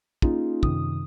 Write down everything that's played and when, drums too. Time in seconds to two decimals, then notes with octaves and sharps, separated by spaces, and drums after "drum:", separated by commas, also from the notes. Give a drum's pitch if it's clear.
0.22 A#3 C#4 D#4 F4 G#4, drum: kick
0.63 F#2 C3 D#3 D#6, drum: kick